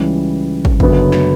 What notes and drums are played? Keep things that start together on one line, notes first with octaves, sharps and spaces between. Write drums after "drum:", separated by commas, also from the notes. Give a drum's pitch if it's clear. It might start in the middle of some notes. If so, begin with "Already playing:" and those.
Already playing: C#2 C#3 E3 G3
drum: kick
F#1 F#2 D3 F#3 B3, drum: kick
drum: snare